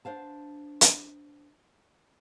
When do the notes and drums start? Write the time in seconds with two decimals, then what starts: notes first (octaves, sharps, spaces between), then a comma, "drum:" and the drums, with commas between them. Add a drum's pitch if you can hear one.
0.05 D4 C5 F5 A5
0.81 drum: hi-hat